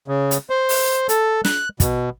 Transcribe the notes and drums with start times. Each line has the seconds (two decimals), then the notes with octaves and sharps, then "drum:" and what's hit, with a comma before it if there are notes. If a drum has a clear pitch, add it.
0.08 C#3
0.31 drum: hi-hat
0.50 C5
0.69 drum: open hi-hat
1.09 A4, drum: hi-hat
1.45 F#6, drum: snare
1.80 B2, drum: kick, hi-hat